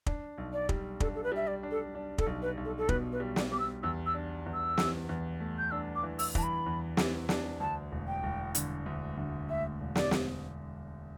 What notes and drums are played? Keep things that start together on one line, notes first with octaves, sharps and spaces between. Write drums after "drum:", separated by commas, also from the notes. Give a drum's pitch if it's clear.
D4, drum: kick
B1
D5
G3, drum: kick
D4 A4, drum: kick
A4
B4
G3 E5
D5
D4
A4
D4
A4, drum: kick
B1
B4
B1
A4
A4
B2 B4, drum: kick
B4
G3
D5, drum: snare
G3 D6
E6
E2 E6
E6
D4
E2
E6
E3, drum: snare
E2
A3
G6
D4 E6
D6
E3
E6, drum: open hi-hat
E3 A5, drum: kick
B5
E2
E3, drum: snare
D4, drum: snare
D2 A5
E1
G5
E1
D3, drum: hi-hat
D2
D2
D2 E5
E1
D5, drum: snare
drum: snare